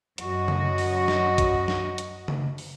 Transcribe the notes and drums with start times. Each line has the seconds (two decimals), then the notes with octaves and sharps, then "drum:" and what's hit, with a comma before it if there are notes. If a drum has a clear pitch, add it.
0.18 F#2 F#4 D#5, drum: hi-hat
0.48 drum: tom C#3
0.78 drum: open hi-hat
1.08 drum: snare
1.38 drum: kick A#1, hi-hat
1.68 drum: snare
1.98 drum: hi-hat
2.28 drum: tom C#3
2.58 drum: open hi-hat